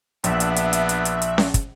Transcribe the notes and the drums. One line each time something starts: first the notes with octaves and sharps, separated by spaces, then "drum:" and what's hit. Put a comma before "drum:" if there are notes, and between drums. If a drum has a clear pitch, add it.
A#1 B3 D4 E5 F#6, drum: hi-hat
drum: hi-hat
drum: hi-hat
drum: hi-hat
drum: hi-hat
drum: hi-hat
drum: hi-hat
drum: snare C#4
drum: kick, hi-hat